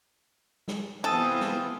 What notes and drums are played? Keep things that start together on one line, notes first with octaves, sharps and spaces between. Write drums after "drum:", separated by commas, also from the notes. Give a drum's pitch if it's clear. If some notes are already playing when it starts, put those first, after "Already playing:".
drum: snare
C3 E3 B3 C4 F4 A4 G#5 D#6
drum: snare